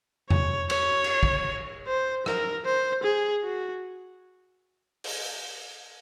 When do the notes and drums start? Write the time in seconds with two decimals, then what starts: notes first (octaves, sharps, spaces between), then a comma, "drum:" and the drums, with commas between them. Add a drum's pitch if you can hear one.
0.30 C#5, drum: tom E2
0.70 C#5, drum: cymbal
1.04 drum: cymbal
1.23 drum: kick
1.87 C5
2.26 A#4, drum: rim click
2.65 C5
3.04 G#4
3.43 F#4
5.04 drum: open hi-hat